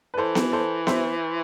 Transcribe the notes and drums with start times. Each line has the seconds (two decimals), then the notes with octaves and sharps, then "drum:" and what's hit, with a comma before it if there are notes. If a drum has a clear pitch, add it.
0.14 B4
0.17 E3 A4 C5
0.35 drum: snare B3
0.52 A4 C5
0.87 C5 E5, drum: snare B3